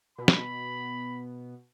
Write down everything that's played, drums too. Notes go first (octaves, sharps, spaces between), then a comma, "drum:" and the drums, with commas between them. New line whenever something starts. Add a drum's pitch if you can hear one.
B2 B5
drum: snare